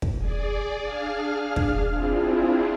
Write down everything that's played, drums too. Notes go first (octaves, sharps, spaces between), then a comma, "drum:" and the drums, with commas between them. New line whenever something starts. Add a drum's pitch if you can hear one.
drum: kick
G#4 D5
D4 G#4 F5 F6
drum: kick
C4 D4 E4 F4 G#4